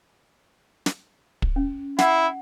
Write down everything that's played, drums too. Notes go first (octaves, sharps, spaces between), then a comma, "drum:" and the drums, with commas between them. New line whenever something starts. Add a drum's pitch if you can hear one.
drum: snare
drum: kick
C#4
E4 F#5, drum: snare